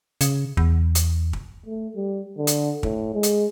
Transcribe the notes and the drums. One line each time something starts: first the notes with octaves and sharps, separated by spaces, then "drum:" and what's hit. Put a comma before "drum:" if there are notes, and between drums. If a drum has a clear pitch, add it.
C#3, drum: hi-hat
E2, drum: kick
drum: hi-hat
drum: kick
A3
G3
D3
drum: hi-hat
A2, drum: kick
G#3
drum: hi-hat